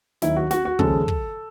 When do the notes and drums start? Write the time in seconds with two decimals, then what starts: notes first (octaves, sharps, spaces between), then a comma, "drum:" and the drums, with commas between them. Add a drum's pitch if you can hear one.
0.22 D#2 D#3 F#3 E4, drum: snare
0.36 F#4
0.51 F#4, drum: snare
0.65 F#4
0.79 D#2 C#3 F3 G#3 A4, drum: kick
1.08 drum: kick